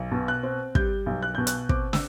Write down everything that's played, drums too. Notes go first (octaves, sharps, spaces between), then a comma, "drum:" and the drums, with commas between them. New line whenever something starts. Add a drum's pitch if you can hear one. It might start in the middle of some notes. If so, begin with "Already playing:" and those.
Already playing: B1
B2
F#6
C4
G3 G6, drum: kick
B1
F#6
B2 G6
F#6, drum: hi-hat
C4 D6, drum: kick
E6, drum: snare